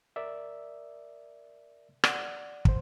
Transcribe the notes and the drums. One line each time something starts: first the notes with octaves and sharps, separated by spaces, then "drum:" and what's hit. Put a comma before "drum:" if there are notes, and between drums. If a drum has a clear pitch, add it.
A#4 D5 E5
D5 F#5, drum: rim click
C2 C5, drum: kick